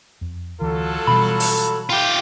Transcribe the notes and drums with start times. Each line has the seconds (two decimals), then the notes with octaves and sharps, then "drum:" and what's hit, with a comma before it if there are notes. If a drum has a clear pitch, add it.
0.21 F2
0.61 D2 E3 F#3 F4 A4
1.07 B2 E3 G3 B5
1.40 drum: open hi-hat
1.90 F4 G4 G5